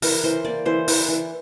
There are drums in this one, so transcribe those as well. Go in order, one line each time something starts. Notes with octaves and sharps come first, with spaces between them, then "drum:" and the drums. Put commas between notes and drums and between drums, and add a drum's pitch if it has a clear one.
E3 A#4, drum: open hi-hat
E3 C5
A#3 D5
E3 C5
E3, drum: open hi-hat
E3